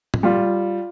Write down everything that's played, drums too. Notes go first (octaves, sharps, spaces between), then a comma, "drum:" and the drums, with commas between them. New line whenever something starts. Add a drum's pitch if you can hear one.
drum: tom A2
G3 F4